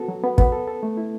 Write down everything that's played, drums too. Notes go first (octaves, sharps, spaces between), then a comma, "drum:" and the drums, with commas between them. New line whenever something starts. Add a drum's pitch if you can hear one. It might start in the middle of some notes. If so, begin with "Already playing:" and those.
Already playing: B3 F#4 A4
F#3
B3
B3, drum: kick
A4
A4
A3
E4